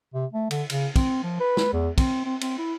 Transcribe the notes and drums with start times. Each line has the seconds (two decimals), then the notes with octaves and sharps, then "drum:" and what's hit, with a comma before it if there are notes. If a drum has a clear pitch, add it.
0.14 C3
0.33 A3
0.51 D3, drum: cymbal
0.70 C#3, drum: cymbal
0.96 C4, drum: kick, cymbal
1.23 F3
1.40 B4
1.57 drum: snare
1.73 E2
1.98 C4, drum: kick, cymbal
2.25 C4
2.41 C4, drum: cymbal
2.58 E4